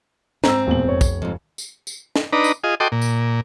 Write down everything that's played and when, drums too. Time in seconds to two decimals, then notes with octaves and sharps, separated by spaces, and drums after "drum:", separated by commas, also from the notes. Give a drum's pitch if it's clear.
0.44 G#2 C4 A#5 E6, drum: snare
0.67 E1 A#2 F#7
0.84 F1 C#5
1.01 drum: kick, tambourine
1.22 F2 G#2
1.58 drum: tambourine
1.87 drum: tambourine
2.16 drum: snare
2.33 D4 D#4 B4 A#5
2.44 drum: tambourine
2.64 F4 G#4 D#5
2.80 F#4 A4 D#5 G5 C6 D6
2.92 A#2
3.02 drum: tambourine